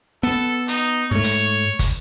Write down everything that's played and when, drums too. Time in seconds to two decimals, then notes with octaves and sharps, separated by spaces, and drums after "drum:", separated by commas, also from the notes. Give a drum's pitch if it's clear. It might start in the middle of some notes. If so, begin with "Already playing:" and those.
0.23 B3 A4
0.68 D#4, drum: hi-hat
1.11 G#2 A3 C#5
1.24 drum: hi-hat
1.79 drum: kick, hi-hat